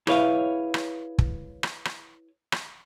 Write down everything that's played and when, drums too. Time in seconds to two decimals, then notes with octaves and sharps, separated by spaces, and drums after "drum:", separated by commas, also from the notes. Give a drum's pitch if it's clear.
0.07 E4 G#4 B4 C#5 E5 F5, drum: rim click
0.74 drum: rim click
1.19 drum: kick
1.63 drum: rim click
1.85 drum: rim click
2.52 drum: rim click